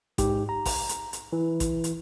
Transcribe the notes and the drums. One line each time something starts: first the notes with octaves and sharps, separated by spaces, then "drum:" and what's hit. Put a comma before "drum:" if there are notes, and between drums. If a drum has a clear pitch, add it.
G#2 G4, drum: kick A1, hi-hat
A#5
drum: kick A1, open hi-hat
drum: hi-hat
drum: hi-hat
E3
drum: kick A1, hi-hat
drum: hi-hat